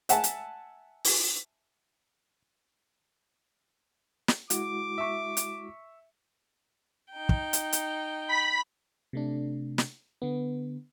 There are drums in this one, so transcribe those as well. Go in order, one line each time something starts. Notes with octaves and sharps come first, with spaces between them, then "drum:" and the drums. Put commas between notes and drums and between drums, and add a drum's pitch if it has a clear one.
E5 F#5 G#5 A5, drum: hi-hat
drum: hi-hat
drum: open hi-hat
drum: snare
G#3 E4 F#4 D6, drum: hi-hat
E5 C#6
drum: hi-hat
D#4 G5
drum: kick
drum: hi-hat
drum: hi-hat
B5 B6
C3 A3 D4
drum: snare
D3 B3